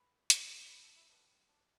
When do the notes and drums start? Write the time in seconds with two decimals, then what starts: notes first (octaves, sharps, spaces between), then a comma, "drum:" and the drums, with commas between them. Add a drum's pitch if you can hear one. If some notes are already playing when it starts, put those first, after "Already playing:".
Already playing: B4
0.30 B2 B3, drum: hi-hat
0.70 B4
0.83 A4
0.96 E4
1.09 B2 G3 B3 D4
1.29 B3
1.49 D4